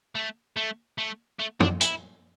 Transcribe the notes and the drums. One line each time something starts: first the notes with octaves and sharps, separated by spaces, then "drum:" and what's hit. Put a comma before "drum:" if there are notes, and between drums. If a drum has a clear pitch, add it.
A3
A3
A3
A3
D4, drum: tom
E4, drum: hi-hat